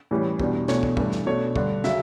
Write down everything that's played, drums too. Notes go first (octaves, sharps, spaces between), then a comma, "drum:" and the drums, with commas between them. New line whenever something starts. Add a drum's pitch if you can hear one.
A2 E3 G3 C#4
E2 B2 G3 D4, drum: kick
E2 B2 A3 D4 C#5, drum: snare
drum: kick
G2 E3 A3 D4, drum: kick
drum: snare
B2 A3 D4 C#5
G2 D3 A3 D4, drum: kick
C#3 F#3 E5, drum: snare